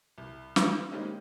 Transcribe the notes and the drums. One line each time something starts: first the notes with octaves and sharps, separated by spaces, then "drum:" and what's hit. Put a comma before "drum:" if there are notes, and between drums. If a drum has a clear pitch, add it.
C2
F5, drum: snare
G3 G#3 A#3 C4 C#4 D#4